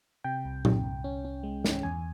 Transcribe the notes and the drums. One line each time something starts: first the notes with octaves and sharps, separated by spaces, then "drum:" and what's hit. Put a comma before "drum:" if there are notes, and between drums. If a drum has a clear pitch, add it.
C3 G5
C2
C2, drum: tom A#2
C2
C#4
C#4
G#3
C#4, drum: snare
E2 G#5